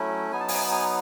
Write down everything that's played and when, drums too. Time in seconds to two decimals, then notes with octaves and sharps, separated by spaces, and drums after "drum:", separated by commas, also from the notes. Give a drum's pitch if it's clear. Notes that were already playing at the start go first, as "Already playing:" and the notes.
Already playing: F#3 A3 C#4 E4
0.31 F#3 B3 D#4 G#5
0.40 A5
0.48 G#5, drum: open hi-hat
0.71 G#5